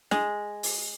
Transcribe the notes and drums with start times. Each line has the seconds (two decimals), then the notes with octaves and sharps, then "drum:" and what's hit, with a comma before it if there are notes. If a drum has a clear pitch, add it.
0.11 G#3, drum: snare
0.63 drum: open hi-hat